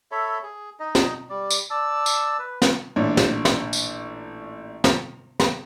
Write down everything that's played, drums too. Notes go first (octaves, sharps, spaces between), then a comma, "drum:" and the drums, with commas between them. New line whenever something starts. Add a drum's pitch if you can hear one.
A4 C#5 E5 B5
G#4
D#4 D#5
drum: snare
G3 D5
drum: tambourine
D5 A5 E6
drum: tambourine
B4
drum: snare
A1 A#2 D4 C#5
drum: snare
drum: snare
drum: tambourine
drum: snare
drum: snare